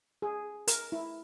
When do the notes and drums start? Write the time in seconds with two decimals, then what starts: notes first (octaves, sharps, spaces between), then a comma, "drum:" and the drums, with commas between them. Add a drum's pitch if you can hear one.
0.22 G#4
0.67 A#4, drum: hi-hat
0.92 E4